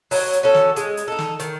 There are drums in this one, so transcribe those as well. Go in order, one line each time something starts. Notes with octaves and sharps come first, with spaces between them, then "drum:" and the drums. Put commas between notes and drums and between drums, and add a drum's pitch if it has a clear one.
F#3, drum: open hi-hat
drum: hi-hat
C#4 F#4 A4
drum: snare
G#3, drum: hi-hat
drum: hi-hat
D#4 A4
drum: snare
D#3, drum: hi-hat